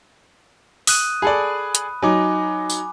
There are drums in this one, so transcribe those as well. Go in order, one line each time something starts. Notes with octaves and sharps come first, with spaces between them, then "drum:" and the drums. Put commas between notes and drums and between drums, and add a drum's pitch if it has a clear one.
D#6 F#6 D#7, drum: open hi-hat
G#4 A4 D5 B5
drum: hi-hat
F#3 D#4 G#5 D6
drum: tambourine